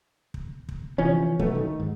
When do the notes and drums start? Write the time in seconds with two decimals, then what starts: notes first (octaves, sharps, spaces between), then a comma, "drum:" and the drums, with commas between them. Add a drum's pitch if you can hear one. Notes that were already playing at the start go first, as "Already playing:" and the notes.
0.34 drum: kick
0.69 drum: kick
0.98 C3 E3 F3 C#4
1.39 B2 F#3 A3 B3, drum: kick
1.55 D#3
1.80 G#2